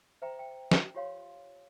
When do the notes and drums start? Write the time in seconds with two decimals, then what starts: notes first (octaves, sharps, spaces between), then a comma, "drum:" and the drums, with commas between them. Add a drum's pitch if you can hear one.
0.22 C5 E5 G5 A#5
0.39 G5
0.71 drum: snare
0.94 F4 G4 C#5 F5 C6